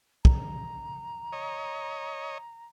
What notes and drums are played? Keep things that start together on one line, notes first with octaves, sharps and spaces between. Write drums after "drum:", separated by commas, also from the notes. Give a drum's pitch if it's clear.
A#5, drum: kick
C#5 D#5